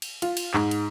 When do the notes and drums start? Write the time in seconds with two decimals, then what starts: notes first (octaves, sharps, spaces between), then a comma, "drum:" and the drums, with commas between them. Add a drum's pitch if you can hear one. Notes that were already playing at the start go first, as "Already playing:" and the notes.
0.02 drum: cymbal
0.22 F4, drum: cymbal
0.37 drum: cymbal
0.54 G#2, drum: clap
0.71 drum: cymbal